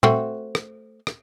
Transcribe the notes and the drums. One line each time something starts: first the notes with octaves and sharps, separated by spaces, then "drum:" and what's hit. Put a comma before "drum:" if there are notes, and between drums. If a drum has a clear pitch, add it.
A3 C4 F#4, drum: tom
drum: rim click
drum: rim click